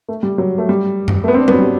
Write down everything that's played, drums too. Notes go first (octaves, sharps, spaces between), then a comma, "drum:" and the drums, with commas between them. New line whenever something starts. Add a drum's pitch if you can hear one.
A3
G3
F#3
A3
G3
drum: tom F#2
A3
B3
C4
D4
B3, drum: tom F#3
F#3
G3